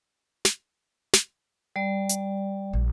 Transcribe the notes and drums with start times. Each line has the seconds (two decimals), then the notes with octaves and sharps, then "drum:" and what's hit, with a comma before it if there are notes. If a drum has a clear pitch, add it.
0.45 drum: snare
1.13 drum: snare
1.76 G3 D5
2.09 drum: hi-hat
2.73 A#1